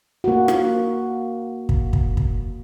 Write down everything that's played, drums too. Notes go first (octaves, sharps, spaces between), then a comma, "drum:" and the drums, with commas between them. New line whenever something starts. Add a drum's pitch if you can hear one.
A#3 F#4
drum: rim click
drum: kick
drum: kick
drum: kick